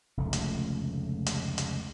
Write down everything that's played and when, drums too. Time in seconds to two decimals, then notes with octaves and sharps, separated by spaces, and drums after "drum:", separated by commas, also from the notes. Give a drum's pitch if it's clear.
0.17 F1 C#2 D3 A3
0.33 drum: hi-hat
1.26 drum: hi-hat
1.58 drum: hi-hat